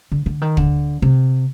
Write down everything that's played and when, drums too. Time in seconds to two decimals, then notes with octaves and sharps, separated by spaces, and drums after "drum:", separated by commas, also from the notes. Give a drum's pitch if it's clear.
0.12 D3
0.26 D3
0.42 D#3
0.57 D3, drum: kick
1.02 C3